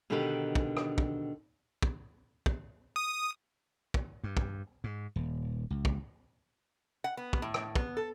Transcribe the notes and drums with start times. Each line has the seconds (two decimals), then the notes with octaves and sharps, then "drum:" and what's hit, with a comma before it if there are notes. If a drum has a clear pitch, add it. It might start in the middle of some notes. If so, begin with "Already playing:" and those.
0.10 B2 D3 D#3 D#4 G4 B4
0.55 drum: kick
0.77 drum: rim click
0.98 drum: kick
1.83 drum: kick
2.46 drum: kick
2.96 D#6
3.94 drum: kick
4.24 G2
4.37 drum: kick
4.84 G#2
5.16 D#1
5.70 C#2
5.85 drum: kick
7.04 F#5
7.17 B3
7.33 drum: kick
7.42 A2
7.54 drum: rim click
7.75 B3, drum: kick
7.97 A4